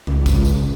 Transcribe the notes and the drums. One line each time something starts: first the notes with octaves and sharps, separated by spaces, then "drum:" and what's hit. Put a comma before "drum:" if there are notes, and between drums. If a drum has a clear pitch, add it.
C#2, drum: tom D3
drum: kick, tambourine
drum: tambourine